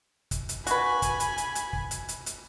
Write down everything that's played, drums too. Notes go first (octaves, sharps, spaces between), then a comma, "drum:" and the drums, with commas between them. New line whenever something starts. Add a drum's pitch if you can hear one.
drum: kick, hi-hat
drum: hi-hat
F#4 B4 G#5 B5, drum: hi-hat
drum: kick, hi-hat
drum: hi-hat
drum: hi-hat
drum: hi-hat
drum: kick
drum: hi-hat
drum: hi-hat
drum: hi-hat